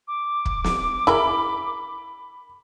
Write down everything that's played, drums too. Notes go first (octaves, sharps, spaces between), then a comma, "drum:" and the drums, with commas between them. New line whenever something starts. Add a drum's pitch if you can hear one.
D6
drum: kick
drum: snare
E4 G#4 A#4 B5